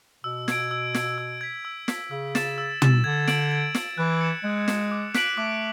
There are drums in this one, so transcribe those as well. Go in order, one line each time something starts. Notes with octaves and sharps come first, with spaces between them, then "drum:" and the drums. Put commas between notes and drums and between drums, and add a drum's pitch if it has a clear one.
B2 E6
G#6 D7, drum: snare
E6
G#6 D7, drum: snare
E6
G#6 B6
E6
G#6 B6, drum: snare
C#3 E6
A6 E7, drum: snare
E6
A6 E7, drum: tom
D3 G#6
D7 F#7, drum: snare
G#6
D7 F#7, drum: snare
E3 F#6
C#7 E7
G#3 F#6
C#7 E7, drum: snare
D6
F#6 B6 D7 F#7, drum: snare
A3 D6